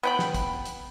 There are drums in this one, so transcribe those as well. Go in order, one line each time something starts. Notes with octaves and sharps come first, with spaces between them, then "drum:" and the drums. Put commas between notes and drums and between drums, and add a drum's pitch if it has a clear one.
B3 G5 B5
drum: snare
drum: kick, hi-hat
drum: hi-hat